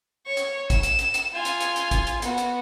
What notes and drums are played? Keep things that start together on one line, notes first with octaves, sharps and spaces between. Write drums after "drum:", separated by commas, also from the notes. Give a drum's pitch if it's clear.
C#5 C#6
drum: hi-hat
E7, drum: kick, hi-hat
drum: hi-hat
drum: hi-hat
drum: hi-hat
F4 G#5
drum: hi-hat
drum: hi-hat
drum: hi-hat
drum: kick, hi-hat
drum: hi-hat
B3 F#4, drum: hi-hat
drum: hi-hat